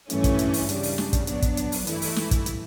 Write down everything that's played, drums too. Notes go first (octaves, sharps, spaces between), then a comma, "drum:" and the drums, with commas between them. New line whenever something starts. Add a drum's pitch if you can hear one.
G2 E3 A3 C#4, drum: hi-hat
drum: kick, hi-hat
drum: hi-hat
drum: open hi-hat
C#3 G3 D4, drum: hi-hat
drum: open hi-hat
drum: snare
drum: kick, hi-hat
F#3 B3 D4, drum: hi-hat
drum: kick, hi-hat
drum: hi-hat
drum: open hi-hat
G2 E3 A3 E4, drum: hi-hat
drum: open hi-hat
drum: snare
drum: kick, hi-hat
drum: hi-hat